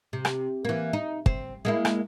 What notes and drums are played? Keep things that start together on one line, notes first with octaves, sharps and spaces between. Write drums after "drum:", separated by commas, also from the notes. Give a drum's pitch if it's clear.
C3
drum: rim click
E3 A#3
D#4
C4, drum: kick
G#3 A#3 E4
drum: rim click